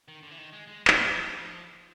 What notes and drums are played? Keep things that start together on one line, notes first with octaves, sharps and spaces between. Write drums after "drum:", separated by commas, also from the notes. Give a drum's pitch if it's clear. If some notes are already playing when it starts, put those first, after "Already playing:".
D#3
D3
E3
D#3
G#3
G#3
F#3, drum: clap
F3